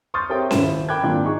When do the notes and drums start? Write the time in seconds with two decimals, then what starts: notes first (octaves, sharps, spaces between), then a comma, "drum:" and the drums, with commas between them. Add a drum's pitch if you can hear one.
0.14 C6 C#6 D#6 F6 G6 A6
0.30 C4 G4 A#4 C#5 E5 G5
0.51 D#1 E4 E7, drum: snare C#4
0.89 A#4 G5 B5 D6 F#6 G#6
1.03 G#1 A#2 D4 G5
1.24 D#4 G#4 C#6